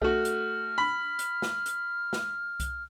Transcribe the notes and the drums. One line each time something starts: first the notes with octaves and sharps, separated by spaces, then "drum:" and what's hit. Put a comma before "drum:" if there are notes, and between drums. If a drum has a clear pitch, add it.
A3 F#4 F6, drum: kick C2
drum: hi-hat
B5
drum: hi-hat
drum: snare
drum: hi-hat
drum: snare
drum: kick C2, hi-hat